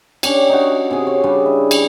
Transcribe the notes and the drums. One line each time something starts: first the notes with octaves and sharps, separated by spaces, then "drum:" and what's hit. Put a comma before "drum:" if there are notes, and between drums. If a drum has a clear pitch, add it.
C#4 D4 G4, drum: cymbal
D#4 F#4
C3 G#4
C#5
C#3 G3 D4 G#4
E4
drum: cymbal